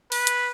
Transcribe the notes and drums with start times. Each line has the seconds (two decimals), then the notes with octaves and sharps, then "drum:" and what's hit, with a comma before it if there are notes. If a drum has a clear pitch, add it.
0.12 B4, drum: open hi-hat
0.27 drum: hi-hat